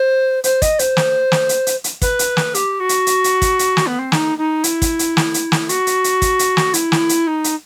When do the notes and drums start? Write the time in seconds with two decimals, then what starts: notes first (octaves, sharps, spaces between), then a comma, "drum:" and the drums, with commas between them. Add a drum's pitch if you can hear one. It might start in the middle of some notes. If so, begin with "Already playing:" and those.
Already playing: C5
0.44 C5, drum: hi-hat
0.62 D#5, drum: kick, hi-hat
0.79 C5, drum: hi-hat
0.97 drum: snare
1.32 drum: snare
1.49 drum: hi-hat
1.67 drum: hi-hat
1.84 drum: hi-hat
2.02 B4, drum: kick, hi-hat
2.19 drum: hi-hat
2.37 drum: snare
2.54 G4, drum: hi-hat
2.80 F#4
2.89 drum: hi-hat
3.07 drum: hi-hat
3.24 drum: hi-hat
3.42 drum: kick, hi-hat
3.59 drum: hi-hat
3.77 drum: snare
3.87 B3
3.99 C4
4.12 D#4, drum: snare
4.38 D#4
4.64 E4, drum: hi-hat
4.82 drum: kick, hi-hat
4.99 drum: hi-hat
5.17 drum: snare
5.34 drum: hi-hat
5.52 drum: snare
5.69 F#4, drum: hi-hat
5.87 drum: hi-hat
6.04 drum: hi-hat
6.22 drum: kick, hi-hat
6.39 drum: hi-hat
6.57 drum: snare
6.74 E4, drum: hi-hat
6.92 drum: snare
7.09 drum: hi-hat
7.27 D#4
7.44 drum: hi-hat